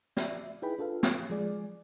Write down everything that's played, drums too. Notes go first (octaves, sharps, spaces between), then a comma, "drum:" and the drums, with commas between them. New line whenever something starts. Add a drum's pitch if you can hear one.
D5 E5, drum: snare
D#4 E4 G#4 B4 G5 B5
D4 F4 A4 B4 F5
drum: snare
F3 G#3 G#4 D5